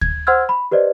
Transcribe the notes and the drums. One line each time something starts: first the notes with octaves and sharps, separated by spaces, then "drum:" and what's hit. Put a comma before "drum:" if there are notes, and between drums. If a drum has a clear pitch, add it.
G#6, drum: kick D2
C5 F#5 C6 E6 F6 G#6
B5
G4 B4 C5 D5 D#5